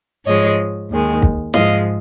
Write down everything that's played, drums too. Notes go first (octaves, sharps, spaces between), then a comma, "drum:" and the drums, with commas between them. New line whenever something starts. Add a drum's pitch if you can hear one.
G#2 F3 G#3 C#5 D#5
D#2 D#3 G#3
drum: kick
G#2 F3 G#3 D#5 F5, drum: snare